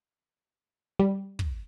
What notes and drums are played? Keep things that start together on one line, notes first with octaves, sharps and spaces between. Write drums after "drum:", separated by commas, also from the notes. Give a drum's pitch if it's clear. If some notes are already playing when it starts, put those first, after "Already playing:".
G3
drum: kick